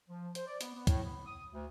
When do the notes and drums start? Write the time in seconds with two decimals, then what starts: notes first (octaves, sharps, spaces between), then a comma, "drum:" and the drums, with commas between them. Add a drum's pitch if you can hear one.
0.08 F3
0.35 C5, drum: hi-hat
0.47 D5
0.61 B3, drum: hi-hat
0.75 B3
0.87 A2, drum: kick, hi-hat
1.04 B3
1.26 D#6
1.52 D2